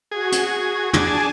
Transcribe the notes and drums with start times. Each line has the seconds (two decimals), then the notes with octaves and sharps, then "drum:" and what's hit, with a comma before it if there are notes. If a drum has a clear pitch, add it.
0.11 F#4 G#4
0.32 drum: hi-hat
0.93 D4 G#4 G#5 A5, drum: tom